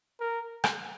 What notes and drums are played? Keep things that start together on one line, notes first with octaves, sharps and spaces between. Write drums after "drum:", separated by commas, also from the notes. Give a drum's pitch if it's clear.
A#4
drum: rim click